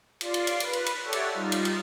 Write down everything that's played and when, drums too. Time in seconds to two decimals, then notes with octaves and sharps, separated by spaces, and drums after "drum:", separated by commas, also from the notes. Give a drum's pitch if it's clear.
0.21 F4 D5 C6, drum: cymbal
0.34 drum: cymbal
0.47 drum: cymbal
0.60 B4, drum: cymbal
0.73 drum: cymbal
0.86 drum: cymbal
1.02 G4 A4 C#5 D5 E5 F#5
1.13 drum: cymbal
1.33 G3 D#4 F4
1.52 drum: cymbal
1.65 drum: cymbal